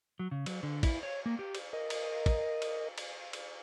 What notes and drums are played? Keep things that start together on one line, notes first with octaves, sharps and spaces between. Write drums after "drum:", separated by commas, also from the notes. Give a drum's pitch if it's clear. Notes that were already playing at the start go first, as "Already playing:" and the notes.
F#3
C#3
F#3, drum: cymbal
D3
E4, drum: kick, cymbal
C#5
A#3
G4
drum: cymbal
A#4 D#5
drum: cymbal
drum: kick, cymbal
drum: cymbal
drum: cymbal
drum: cymbal